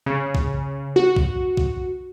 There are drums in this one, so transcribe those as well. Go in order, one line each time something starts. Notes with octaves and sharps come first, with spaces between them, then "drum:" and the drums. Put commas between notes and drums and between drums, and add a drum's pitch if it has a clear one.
C#3
drum: kick B1
F#4
drum: kick B1
drum: kick B1